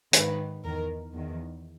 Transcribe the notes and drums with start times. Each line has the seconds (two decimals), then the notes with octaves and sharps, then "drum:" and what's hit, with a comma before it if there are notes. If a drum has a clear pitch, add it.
0.13 G#2 D#3 B4, drum: hi-hat
0.63 E2 D#3 A#4
1.14 E2 D#3